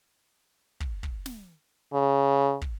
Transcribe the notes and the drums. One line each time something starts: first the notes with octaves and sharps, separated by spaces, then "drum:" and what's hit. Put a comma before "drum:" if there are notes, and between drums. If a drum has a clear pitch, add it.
drum: kick
drum: kick
drum: snare
C#3
drum: kick